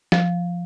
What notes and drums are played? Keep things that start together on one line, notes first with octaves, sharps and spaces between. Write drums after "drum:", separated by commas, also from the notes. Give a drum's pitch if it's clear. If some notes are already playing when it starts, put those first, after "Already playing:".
F3, drum: snare F3